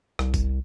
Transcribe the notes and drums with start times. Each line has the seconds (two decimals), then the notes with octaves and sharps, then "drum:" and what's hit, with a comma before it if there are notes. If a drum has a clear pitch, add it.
0.19 C2, drum: rim click
0.34 drum: kick F#1, tambourine